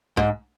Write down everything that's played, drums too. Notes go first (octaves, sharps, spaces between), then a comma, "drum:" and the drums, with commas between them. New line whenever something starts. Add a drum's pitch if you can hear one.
G#2, drum: kick B1